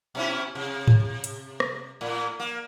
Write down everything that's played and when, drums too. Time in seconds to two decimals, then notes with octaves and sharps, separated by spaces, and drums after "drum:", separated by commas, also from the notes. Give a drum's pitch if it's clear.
0.15 B2 C#4 E4
0.55 C3
0.87 drum: tom G#2
1.24 drum: hi-hat
1.60 drum: rim click
2.01 A2
2.40 A#3